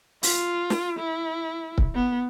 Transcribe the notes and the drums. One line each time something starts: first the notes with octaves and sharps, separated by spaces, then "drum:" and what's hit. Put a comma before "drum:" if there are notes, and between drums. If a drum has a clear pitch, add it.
F4, drum: open hi-hat
drum: snare
E4
drum: kick C#1
B3